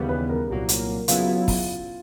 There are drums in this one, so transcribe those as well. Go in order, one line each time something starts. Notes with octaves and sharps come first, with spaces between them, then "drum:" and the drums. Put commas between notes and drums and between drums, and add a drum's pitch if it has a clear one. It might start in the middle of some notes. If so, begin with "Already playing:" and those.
Already playing: D#2 C#3 E3 G3 B3
B4
A#4
C2 A#2 F#3 A#3
drum: hi-hat
C#3 F#3 B3 E4 F4, drum: hi-hat
drum: kick, open hi-hat